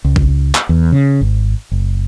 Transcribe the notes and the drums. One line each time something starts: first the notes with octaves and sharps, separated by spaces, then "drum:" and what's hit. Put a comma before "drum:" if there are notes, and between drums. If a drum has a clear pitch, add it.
C#2
drum: kick A1
drum: clap
E2
C#3
G#1
F#1